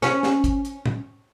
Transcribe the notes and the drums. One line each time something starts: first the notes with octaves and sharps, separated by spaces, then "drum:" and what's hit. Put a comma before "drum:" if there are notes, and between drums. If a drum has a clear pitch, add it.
C#4, drum: snare
drum: snare
drum: kick, hi-hat
drum: hi-hat
drum: tom A2